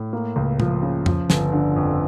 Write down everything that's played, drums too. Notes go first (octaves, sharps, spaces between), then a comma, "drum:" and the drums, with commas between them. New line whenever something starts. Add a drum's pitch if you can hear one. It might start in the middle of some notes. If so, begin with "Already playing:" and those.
Already playing: A2
A#3
C#2
F3, drum: tom
C#3
F3, drum: tom F2
G1, drum: snare
D3
F2